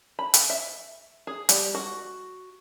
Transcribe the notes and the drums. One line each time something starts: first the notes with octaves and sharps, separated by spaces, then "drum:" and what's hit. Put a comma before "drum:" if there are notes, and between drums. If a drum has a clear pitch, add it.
B5
drum: hi-hat
E5
G#4
G3, drum: hi-hat
F#4